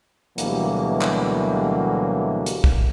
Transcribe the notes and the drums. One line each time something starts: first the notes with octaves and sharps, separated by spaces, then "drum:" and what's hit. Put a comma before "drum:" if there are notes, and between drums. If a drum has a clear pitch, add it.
D2 B2 E3 F#3 G3 A#3, drum: hi-hat
drum: clap
drum: hi-hat
drum: kick